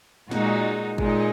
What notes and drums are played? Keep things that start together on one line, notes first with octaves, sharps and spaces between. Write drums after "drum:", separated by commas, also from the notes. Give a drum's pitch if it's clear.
A#2 G#3 D#4 F#4, drum: snare
A#2 G#3 D#4, drum: kick G1